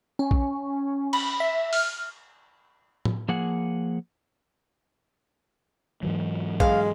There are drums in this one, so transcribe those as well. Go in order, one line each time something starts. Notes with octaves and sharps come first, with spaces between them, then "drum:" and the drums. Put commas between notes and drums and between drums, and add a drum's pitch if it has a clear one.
C#4
drum: kick A#1
B5, drum: cymbal
E5
F6, drum: open hi-hat
drum: tom A2
F3 A#3 G#4 F#5
G#2 E3 F#3
G#3 F5, drum: kick A#1